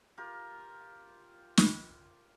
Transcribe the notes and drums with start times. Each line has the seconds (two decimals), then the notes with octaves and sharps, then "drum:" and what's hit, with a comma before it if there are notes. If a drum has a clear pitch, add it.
0.18 F4 G4 A#4
1.57 drum: snare